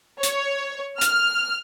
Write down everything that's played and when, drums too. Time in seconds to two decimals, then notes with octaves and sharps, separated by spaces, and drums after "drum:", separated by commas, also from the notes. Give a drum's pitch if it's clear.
0.23 C#5, drum: hi-hat
1.01 F6, drum: hi-hat